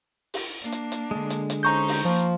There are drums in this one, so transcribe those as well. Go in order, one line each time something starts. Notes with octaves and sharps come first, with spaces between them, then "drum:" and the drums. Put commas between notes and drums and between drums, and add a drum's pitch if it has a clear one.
drum: open hi-hat
A#3 D4
drum: hi-hat
drum: hi-hat
D3 G#3
drum: hi-hat
drum: hi-hat
C#4 D#4 C5 A#5 C#6 G6
drum: open hi-hat
F3 A#3